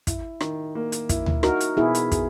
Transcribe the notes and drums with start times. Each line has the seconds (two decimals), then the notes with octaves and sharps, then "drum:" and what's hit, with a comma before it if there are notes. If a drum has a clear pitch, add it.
0.07 E4, drum: kick, hi-hat
0.41 D#3, drum: rim click
0.75 A#3
0.92 drum: hi-hat
1.09 E4, drum: kick, hi-hat
1.26 drum: tom D2
1.43 D#4 F#4 A#4, drum: rim click
1.60 drum: hi-hat
1.77 B2 E4 G#4
1.95 drum: hi-hat
2.12 G#4, drum: kick, hi-hat